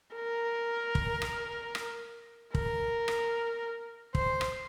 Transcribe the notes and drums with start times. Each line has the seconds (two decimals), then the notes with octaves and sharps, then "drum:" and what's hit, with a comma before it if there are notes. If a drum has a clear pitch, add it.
0.15 A#4
0.95 drum: kick
1.22 drum: rim click
1.75 drum: rim click
2.55 A#4, drum: kick
3.08 drum: rim click
4.15 C5, drum: kick
4.41 drum: rim click